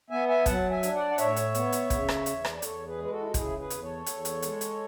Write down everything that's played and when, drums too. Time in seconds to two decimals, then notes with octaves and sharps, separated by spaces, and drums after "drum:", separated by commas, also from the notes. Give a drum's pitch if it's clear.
0.10 B3 E5 G#5
0.28 E5 G#5
0.46 F#3 F#5 A5, drum: kick, hi-hat
0.70 E5 G#5
0.83 D4, drum: hi-hat
0.95 D5 F#5
1.11 F#5
1.18 A2 C#5 E5, drum: hi-hat
1.36 drum: hi-hat
1.55 B3, drum: hi-hat
1.72 drum: hi-hat
1.90 C#3, drum: kick, hi-hat
2.08 drum: rim click
2.26 E2, drum: hi-hat
2.45 drum: rim click
2.55 D5
2.62 E2 A4 C#5, drum: hi-hat
2.86 G#4 B4
2.98 G#3
3.03 B4
3.11 F#4 A4
3.21 E4
3.28 F#4
3.34 C#3 E4 G#4, drum: kick, hi-hat
3.58 G#4 B4
3.70 E2, drum: hi-hat
3.83 A4 C#5
4.06 E2, drum: hi-hat
4.25 drum: hi-hat
4.42 G#3, drum: hi-hat
4.61 drum: hi-hat